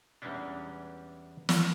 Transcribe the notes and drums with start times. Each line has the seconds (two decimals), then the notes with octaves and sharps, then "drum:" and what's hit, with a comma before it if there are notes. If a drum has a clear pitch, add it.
0.22 E2 E3 G3 G#3 C#4 D4
1.49 drum: snare